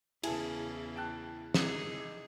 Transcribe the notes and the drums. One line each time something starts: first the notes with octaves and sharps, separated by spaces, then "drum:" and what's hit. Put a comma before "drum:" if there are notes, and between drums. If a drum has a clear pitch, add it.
E2 C#3 E3 E4 G#4 G#5 A5, drum: cymbal
G5 A5 F#6
G#1 C3 E3 D#4 G#4, drum: snare